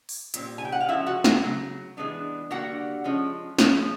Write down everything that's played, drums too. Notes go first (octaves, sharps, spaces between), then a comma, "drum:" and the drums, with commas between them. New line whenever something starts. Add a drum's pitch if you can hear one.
drum: open hi-hat
A#2 G3 C4, drum: hi-hat
G#5
G5
F#5
F5
F3 G#3 C#4 E4 E5
F#4 F#5
F#4 F#5, drum: snare
C#3 F#3
E3 G#3 B3 D4
D3 G3 A#3 F#4 F#5
F3 G#3 C#4
F3 G#3 C#4, drum: snare